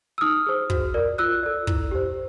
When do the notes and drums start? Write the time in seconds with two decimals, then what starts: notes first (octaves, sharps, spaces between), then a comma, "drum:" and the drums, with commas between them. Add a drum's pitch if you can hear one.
0.18 E6
0.21 D#4 D#6 F6
0.46 G#4 C5
0.70 F#4, drum: kick
0.94 A#4 D5
1.18 F4 E6 F#6
1.43 A4 D5
1.67 E4, drum: kick
1.91 G4 C5